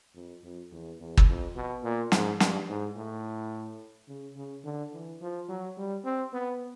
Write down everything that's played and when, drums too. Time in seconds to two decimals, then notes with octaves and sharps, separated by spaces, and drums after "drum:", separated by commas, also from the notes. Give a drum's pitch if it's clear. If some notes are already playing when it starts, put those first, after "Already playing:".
0.15 F2
0.43 F2
0.72 E2
0.99 E2
1.17 drum: kick
1.28 F2
1.55 B2
1.83 A#2
2.12 G#2, drum: snare
2.40 G2, drum: snare
2.68 G#2
2.96 A2
4.08 C#3
4.36 C#3
4.64 D3
4.93 E3
5.21 F3
5.49 F#3
5.78 G3
6.05 C4
6.33 B3